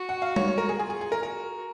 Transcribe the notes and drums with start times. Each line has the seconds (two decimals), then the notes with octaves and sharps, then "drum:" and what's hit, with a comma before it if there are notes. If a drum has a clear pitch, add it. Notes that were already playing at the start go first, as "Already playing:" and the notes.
Already playing: F#4
0.09 F#5
0.22 F5
0.36 C#5, drum: tom G3
0.48 C#5
0.58 A#4
0.69 G#4
0.79 F4 G#4
0.90 G#4
1.01 G#4
1.12 A#4
1.22 F#4 A#4